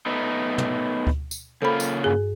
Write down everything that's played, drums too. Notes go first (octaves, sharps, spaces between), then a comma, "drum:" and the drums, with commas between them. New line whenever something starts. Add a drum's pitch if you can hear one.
A3 B3 D#4
drum: tom
drum: kick D2
drum: tambourine
C#3 A#3 F4 A4 C5 B5
drum: tambourine
G2 G#4